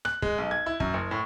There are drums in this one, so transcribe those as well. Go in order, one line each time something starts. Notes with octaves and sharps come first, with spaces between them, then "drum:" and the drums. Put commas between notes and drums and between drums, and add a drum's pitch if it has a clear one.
F#6, drum: rim click
G#3, drum: kick
B1
G#6
E4
F#2, drum: kick
F#1
A2